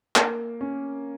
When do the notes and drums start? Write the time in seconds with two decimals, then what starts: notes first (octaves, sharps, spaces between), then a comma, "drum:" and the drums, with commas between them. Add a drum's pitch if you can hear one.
0.16 A#3, drum: clap
0.61 C#4